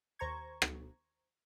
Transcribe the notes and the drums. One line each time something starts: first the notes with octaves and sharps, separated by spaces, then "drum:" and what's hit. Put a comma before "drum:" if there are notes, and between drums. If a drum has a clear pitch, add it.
D#2 C5 A#5 C#6 G#6
drum: rim click